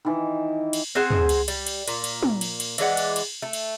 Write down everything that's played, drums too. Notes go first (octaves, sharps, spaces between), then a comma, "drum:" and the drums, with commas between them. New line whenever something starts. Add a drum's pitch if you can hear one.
D#3 E3
drum: cymbal
C4 G#4 C5 F#5
drum: tom
drum: cymbal
G3, drum: cymbal
drum: cymbal
A#2, drum: cymbal
drum: cymbal
drum: tom
drum: cymbal
drum: cymbal
E3 G#3 D5 F#5, drum: cymbal
drum: cymbal
drum: cymbal
A3
drum: cymbal